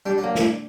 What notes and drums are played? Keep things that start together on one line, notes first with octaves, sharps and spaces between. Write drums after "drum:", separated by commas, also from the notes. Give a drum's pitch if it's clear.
G3 D4
F#3
A#3
drum: snare